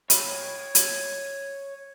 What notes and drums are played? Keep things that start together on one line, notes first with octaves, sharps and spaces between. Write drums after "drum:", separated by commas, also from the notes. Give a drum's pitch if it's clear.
C#5 B5, drum: hi-hat
drum: hi-hat